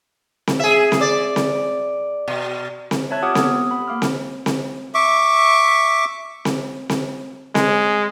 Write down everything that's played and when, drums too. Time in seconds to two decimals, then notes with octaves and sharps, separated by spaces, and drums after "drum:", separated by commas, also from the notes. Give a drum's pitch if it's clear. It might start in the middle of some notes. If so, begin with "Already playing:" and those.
0.47 drum: snare C4
0.60 G#4 E5
0.92 drum: snare C4
1.01 D5
1.36 drum: snare C4
2.28 B2
2.91 drum: snare C4
3.11 C#5 E5 A5 F#6 G#6
3.22 F4 G4 F#5 D6 D#6 F6
3.35 B3 G4 A4, drum: snare C4
3.50 D#6
3.71 F#5 B5
3.88 A#3 F5 D6 F6
4.02 drum: snare C4
4.46 drum: snare C4
4.94 E5 C#6 D6
6.45 drum: snare C4
6.89 drum: snare C4
7.55 G#3, drum: snare C4